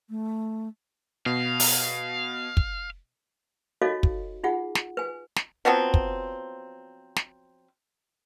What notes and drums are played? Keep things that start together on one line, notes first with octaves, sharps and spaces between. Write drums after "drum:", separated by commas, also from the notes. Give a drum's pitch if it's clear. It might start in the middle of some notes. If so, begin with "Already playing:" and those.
A3
B2 F5
drum: open hi-hat
drum: kick
D#4 F#4 A4 C#5 D#5 F5
drum: kick
D#4 F4 G#4 F#5
drum: snare
B4 G#5
drum: snare
F3 F#3 B3 C4
drum: kick
drum: snare